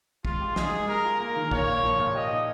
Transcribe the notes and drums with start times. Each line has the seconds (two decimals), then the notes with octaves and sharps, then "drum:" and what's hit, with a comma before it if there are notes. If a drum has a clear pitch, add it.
0.25 G#3 F4, drum: kick
0.41 G4
0.56 D#4 G#4, drum: snare
0.73 G#3
0.88 G#4 A#4
1.05 F4
1.20 A#3 A#4
1.36 D#3
1.51 A#2 C#5, drum: kick
1.68 A#3
1.84 F3
1.98 A#2
2.14 G4 D#5
2.31 D#4